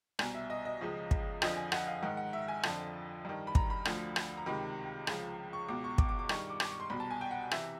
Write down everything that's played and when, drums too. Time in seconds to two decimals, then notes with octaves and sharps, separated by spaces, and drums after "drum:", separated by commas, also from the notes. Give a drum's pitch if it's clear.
0.19 C2 B2 G#5, drum: rim click
0.35 E5
0.50 D#5
0.65 D#5
0.81 C#2 C#3 F3
1.11 drum: kick
1.42 F2 D3 F3 D#5, drum: rim click
1.57 G#5
1.72 F#5, drum: rim click
1.87 F5
2.03 G#2 D#3 F#5
2.17 F#5
2.33 E5
2.48 G#5
2.63 F2 D3 F3 A5, drum: rim click
3.25 G2 D#3
3.47 B5
3.55 A#5, drum: kick
3.70 B5
3.85 D2 D3 F3, drum: rim click
4.16 drum: rim click
4.37 A#5
4.46 C#2 C3 D#3 B5
5.07 C#2 C#3 F3, drum: rim click
5.53 C#6
5.68 C#2 B2 D6
5.84 C#6
5.98 D6, drum: kick
6.09 D6
6.19 D6
6.29 G2 D#3 C#6, drum: rim click
6.50 D6
6.60 D6, drum: rim click
6.70 C#6
6.80 C6
6.90 C2 B2 B5
7.00 A5
7.11 G#5
7.21 G5
7.31 F#5
7.51 C3 E3 E5, drum: rim click